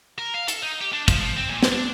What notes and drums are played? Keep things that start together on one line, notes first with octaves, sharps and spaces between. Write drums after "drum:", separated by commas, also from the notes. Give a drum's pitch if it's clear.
A#4
F5
A4, drum: hi-hat
D#4
G4
D4
F3, drum: kick, hi-hat
F3
C4
A#2
drum: snare
D4